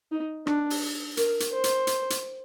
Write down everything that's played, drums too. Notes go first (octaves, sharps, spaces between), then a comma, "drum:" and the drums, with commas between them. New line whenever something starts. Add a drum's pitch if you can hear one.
D#4
D4, drum: rim click
drum: open hi-hat
A#4, drum: hi-hat
drum: hi-hat
C5
drum: hi-hat
drum: hi-hat
drum: hi-hat